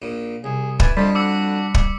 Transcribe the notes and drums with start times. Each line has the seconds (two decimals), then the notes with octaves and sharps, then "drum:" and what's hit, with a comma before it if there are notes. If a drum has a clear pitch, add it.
0.02 A#1 A#2
0.44 C2 G#4
0.80 E4 B4 D5 G#5, drum: kick
0.97 F2 D3 G3 C5 D#5 A5 B6
1.15 D4 F#4 D6 E6 C#7
1.74 drum: kick